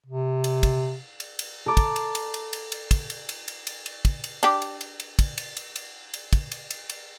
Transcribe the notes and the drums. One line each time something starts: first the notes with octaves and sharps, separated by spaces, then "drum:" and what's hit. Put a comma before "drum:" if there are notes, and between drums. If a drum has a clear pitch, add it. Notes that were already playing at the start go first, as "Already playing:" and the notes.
C3
drum: cymbal
drum: kick, cymbal
drum: cymbal
drum: cymbal
A4 A#5 D6 A6
drum: kick, cymbal
drum: cymbal
drum: cymbal
drum: cymbal
drum: cymbal
drum: cymbal
drum: kick, cymbal
drum: cymbal
drum: cymbal
drum: cymbal
drum: cymbal
drum: cymbal
drum: kick, cymbal
drum: cymbal
D4 G4, drum: cymbal
drum: cymbal
drum: cymbal
drum: cymbal
drum: kick, cymbal
drum: cymbal
drum: cymbal
drum: cymbal
drum: cymbal
drum: kick, cymbal
drum: cymbal
drum: cymbal
drum: cymbal